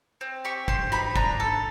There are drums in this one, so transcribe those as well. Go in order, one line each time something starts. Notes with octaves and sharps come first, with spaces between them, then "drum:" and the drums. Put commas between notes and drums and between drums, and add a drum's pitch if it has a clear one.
C4
G4 C#6
C4 C6, drum: kick
D#4 B5, drum: rim click
D4 A#5, drum: kick
A4